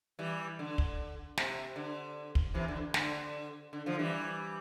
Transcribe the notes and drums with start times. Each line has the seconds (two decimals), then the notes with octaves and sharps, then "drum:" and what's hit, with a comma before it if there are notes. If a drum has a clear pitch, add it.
0.19 E3 G3
0.59 D3
0.78 drum: kick
1.37 C3, drum: snare
1.76 D3
2.35 drum: kick
2.54 C3 E3
2.68 D3
2.94 D3, drum: snare
3.73 D3
3.86 D3 F3
3.99 E3 G3